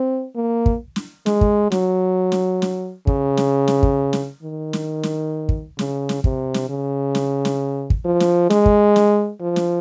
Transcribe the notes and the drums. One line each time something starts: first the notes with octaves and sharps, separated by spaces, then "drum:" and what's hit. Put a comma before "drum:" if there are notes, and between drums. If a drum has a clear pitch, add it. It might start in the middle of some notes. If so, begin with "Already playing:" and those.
Already playing: C4
A#3
drum: kick
drum: snare
G#3, drum: snare
drum: kick
F#3, drum: snare
drum: snare
drum: snare
C#3, drum: kick
drum: snare
drum: snare
drum: kick
drum: snare
D#3
drum: snare
drum: snare
drum: kick
C#3, drum: snare
drum: snare
C3, drum: kick
drum: snare
C#3
drum: snare
drum: snare
drum: kick
F3
drum: snare
G#3, drum: snare
drum: kick
drum: snare
F3
drum: snare